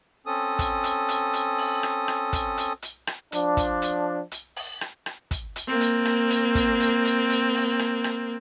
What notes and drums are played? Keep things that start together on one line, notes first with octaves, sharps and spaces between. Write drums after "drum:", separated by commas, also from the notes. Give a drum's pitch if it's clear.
C4 C#4 A4 D#6
drum: kick, hi-hat
drum: hi-hat
drum: hi-hat
drum: hi-hat
drum: open hi-hat
drum: rim click
drum: rim click
drum: kick, hi-hat
drum: hi-hat
drum: hi-hat
drum: rim click
F3 D4, drum: hi-hat
drum: kick, hi-hat
drum: hi-hat
drum: hi-hat
drum: open hi-hat
drum: rim click
drum: rim click
drum: kick, hi-hat
drum: hi-hat
A#3 C4
drum: hi-hat
drum: rim click
drum: hi-hat
drum: kick, hi-hat
drum: hi-hat
drum: hi-hat
drum: hi-hat
drum: open hi-hat
drum: rim click
drum: rim click